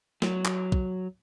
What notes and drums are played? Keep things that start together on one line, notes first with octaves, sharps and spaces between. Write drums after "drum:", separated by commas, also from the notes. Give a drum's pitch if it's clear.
F#3, drum: snare
drum: clap
drum: kick